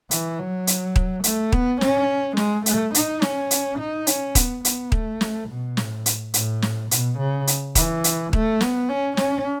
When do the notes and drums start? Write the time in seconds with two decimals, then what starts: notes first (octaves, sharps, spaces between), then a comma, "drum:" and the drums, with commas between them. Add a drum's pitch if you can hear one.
0.11 E3, drum: hi-hat
0.39 F#3
0.67 drum: hi-hat
0.96 drum: kick D#1
1.24 A3, drum: hi-hat
1.52 B3, drum: kick D#1
1.81 C#4, drum: snare
2.37 G#3, drum: snare
2.66 A3, drum: hi-hat
2.94 D#4, drum: hi-hat
3.22 C#4, drum: snare
3.51 drum: hi-hat
3.79 D#4
4.07 C#4, drum: hi-hat
4.35 B3, drum: kick D#1, hi-hat
4.65 B3, drum: hi-hat
4.92 A3, drum: kick D#1
5.21 drum: snare
5.49 B2
5.77 A2, drum: snare
6.06 drum: hi-hat
6.34 A2, drum: hi-hat
6.62 drum: snare
6.91 B2, drum: hi-hat
7.19 C#3
7.47 drum: hi-hat
7.75 E3, drum: kick D#1, hi-hat
8.04 drum: hi-hat
8.33 A3, drum: kick D#1
8.61 B3, drum: snare
8.89 C#4
9.17 C#4, drum: snare